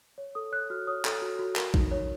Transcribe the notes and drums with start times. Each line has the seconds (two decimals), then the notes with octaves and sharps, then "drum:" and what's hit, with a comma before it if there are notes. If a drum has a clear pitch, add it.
0.18 C#5
0.35 A4 D#6
0.52 C#5 F#6
0.70 F#4 F6
0.87 C#5 D#6
1.05 A4, drum: clap
1.22 F#4
1.39 F#4
1.56 A#4, drum: clap
1.74 D#4, drum: kick A#1
1.91 C#5